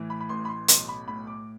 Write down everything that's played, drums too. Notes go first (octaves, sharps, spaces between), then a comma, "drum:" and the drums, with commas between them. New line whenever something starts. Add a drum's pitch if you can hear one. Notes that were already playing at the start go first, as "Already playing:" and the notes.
Already playing: A2 E3
B5
B5
A1 C6
B5
C6
B1 C6, drum: hi-hat
B5
A2 B5
D6